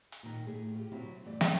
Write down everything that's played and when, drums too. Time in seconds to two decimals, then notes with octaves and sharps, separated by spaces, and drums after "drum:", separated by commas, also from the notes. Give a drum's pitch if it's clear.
0.12 drum: hi-hat
0.23 A#2 D#3
0.46 A2 A3 G#4
0.75 F4 G4
0.91 D2 B2 F#3 C4 E4 F4
1.25 G2 E3 A3 D5
1.41 C5, drum: snare